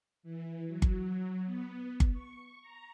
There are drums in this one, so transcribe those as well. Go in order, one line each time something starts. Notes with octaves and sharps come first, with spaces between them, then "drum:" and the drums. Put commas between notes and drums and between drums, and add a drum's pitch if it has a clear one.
E3
F#3
drum: kick G1
B3
drum: kick G1
C#6
A#5